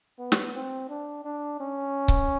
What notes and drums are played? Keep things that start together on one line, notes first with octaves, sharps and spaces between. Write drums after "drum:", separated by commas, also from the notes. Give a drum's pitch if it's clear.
B3
drum: snare
C4
D4
D4
C#4
drum: kick C#1